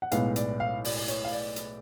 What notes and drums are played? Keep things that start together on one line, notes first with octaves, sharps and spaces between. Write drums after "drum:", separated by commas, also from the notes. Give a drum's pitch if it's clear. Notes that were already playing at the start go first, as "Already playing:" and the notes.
F#5
B1 A2 G#3 B3 F5, drum: hi-hat
D5, drum: hi-hat
F5
D5, drum: open hi-hat
D5
C#5, drum: hi-hat
F5
D5
drum: hi-hat